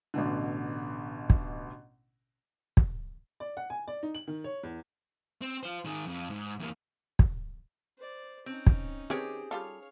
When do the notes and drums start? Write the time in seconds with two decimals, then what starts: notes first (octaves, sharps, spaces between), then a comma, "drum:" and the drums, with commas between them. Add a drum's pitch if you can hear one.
0.14 A1 B2 D3
1.30 drum: kick
2.77 drum: kick
3.40 D5
3.57 F#5
3.70 G#5
3.88 D5
4.03 D#4
4.15 F#7
4.28 D#3
4.44 C#5
4.63 E2
5.41 C4
5.63 F4 C5
5.85 D#3 G#4
6.06 F2
6.30 G#2
6.59 E2 A#3
7.19 drum: kick
7.97 C5 D5
8.46 C4 C#4 D#4
8.67 drum: kick
9.10 D#3 C4 G4 G#4 B4 C#5
9.51 G3 F4 A4 C#5 F5